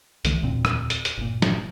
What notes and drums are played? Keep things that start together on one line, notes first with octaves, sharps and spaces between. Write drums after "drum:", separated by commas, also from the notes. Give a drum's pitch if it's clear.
C2 D3 E3 A3, drum: hi-hat
E1 D2 A#2 C4
drum: rim click
drum: hi-hat
drum: hi-hat
G1 A#2
drum: snare